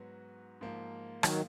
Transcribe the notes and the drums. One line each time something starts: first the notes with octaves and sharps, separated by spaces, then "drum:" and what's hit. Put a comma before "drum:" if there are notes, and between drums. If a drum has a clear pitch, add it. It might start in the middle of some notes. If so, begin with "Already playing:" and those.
Already playing: G#2 F#3 B3 F#4 B4
G#2 F3 A#3
D#3 F#3, drum: rim click